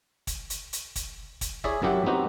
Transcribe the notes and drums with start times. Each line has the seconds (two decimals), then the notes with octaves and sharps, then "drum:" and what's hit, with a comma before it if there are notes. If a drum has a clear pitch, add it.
0.27 drum: kick, hi-hat
0.50 drum: hi-hat
0.73 drum: hi-hat
0.96 drum: kick, hi-hat
1.41 drum: kick, hi-hat
1.64 E4 G#4 C#5 D5 E5 G#5, drum: kick
1.82 F#2 F#3 E4 G4 E5 F#5
2.06 B3 C4 D#4 F#4 G4